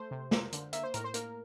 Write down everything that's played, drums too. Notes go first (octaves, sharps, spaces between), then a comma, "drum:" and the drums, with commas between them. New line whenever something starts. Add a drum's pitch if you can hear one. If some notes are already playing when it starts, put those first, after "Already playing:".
Already playing: A3 C5
C3
A#3, drum: snare
D3, drum: hi-hat
A#3 E5, drum: hi-hat
C5
A2 A#4, drum: hi-hat
C5
A#3 A#4, drum: hi-hat